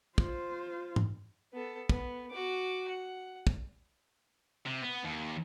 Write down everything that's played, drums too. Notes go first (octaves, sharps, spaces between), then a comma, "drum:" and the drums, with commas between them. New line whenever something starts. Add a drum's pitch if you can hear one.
F4 C5, drum: kick
drum: tom
B3 A4
B3, drum: kick
F#4 D6
F#5
drum: kick
C3
B3
D#2